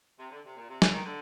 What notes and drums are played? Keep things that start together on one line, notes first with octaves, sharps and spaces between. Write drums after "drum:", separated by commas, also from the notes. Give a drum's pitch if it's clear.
C3
D3
C3
A#2
C3
D3, drum: snare
D#3
D3